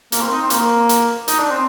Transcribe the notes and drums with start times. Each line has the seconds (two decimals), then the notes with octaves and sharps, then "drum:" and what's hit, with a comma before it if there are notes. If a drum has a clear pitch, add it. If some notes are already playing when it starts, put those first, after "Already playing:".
0.12 A#3, drum: hi-hat
0.21 C4
0.32 D#4
0.42 C4
0.50 A#3, drum: hi-hat
0.89 drum: hi-hat
1.28 D#4, drum: hi-hat
1.39 D4
1.51 C4